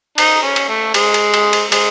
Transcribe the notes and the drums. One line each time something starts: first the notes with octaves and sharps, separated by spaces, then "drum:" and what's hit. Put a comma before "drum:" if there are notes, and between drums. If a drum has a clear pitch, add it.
D#4, drum: cymbal
C#4
drum: cymbal
A3
G#3, drum: cymbal
drum: cymbal
drum: cymbal
drum: cymbal
G#3, drum: cymbal